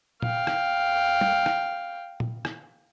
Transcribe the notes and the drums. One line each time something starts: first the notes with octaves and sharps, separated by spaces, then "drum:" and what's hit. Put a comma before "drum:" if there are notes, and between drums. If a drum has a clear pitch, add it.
F5 G5, drum: tom A#2
drum: rim click
drum: tom
drum: rim click
drum: tom A#2
drum: rim click